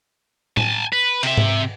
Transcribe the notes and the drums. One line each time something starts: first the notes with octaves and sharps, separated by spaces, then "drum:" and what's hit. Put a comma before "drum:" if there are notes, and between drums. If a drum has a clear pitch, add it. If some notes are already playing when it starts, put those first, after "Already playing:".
G#5 A5, drum: tom A2
B4
C3 E5, drum: cymbal
drum: tom G#2